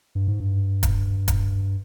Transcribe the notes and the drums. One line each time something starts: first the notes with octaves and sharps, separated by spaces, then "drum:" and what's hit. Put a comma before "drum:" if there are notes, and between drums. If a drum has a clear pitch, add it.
G2
G#2
G2
drum: kick, hi-hat
drum: kick, hi-hat